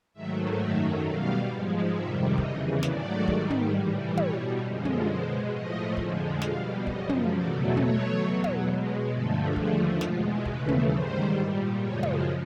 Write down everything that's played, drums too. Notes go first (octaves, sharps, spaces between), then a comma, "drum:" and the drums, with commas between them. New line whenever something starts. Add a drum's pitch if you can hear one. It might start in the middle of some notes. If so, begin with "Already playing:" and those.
G#2 D#3 F#3 A3 E5
F#2 D#3 F#3 A3 E5
B2 G3 F5
G#2 F3 G#3
F2 C3 D#3 G3 E5
E2 C#3 E3 D#5, drum: kick
G#2 D#3 F#3 A3 D5, drum: snare
G#2 D#3 G3, drum: kick
drum: tom
A2 E3 G3
B2 G3 C#5, drum: tom
F#2 D3 F3 G#3
drum: tom
B2 G#3 C5
A2 F3 A3 D#5
F2 D3 F3 G#3, drum: kick
B2 G3 F5, drum: snare
F#2 C#3 F3 D#5, drum: kick
drum: tom
E2 B2 F#3 A3 D5
B2 F#3 A3 C#5, drum: tom
E2 B2 F#3
drum: tom
B2 G#3
G2 D3 F3 A3 A4
D#2 D3 F3 A3 G#4, drum: kick
E2 B2 G#3 F4, drum: snare
D#2 C#3 E3 A3 B4, drum: kick
drum: tom
G#2 D#3 G3 C5
A#2 G3
F#2 C#3 F3 G#3 C#5
drum: tom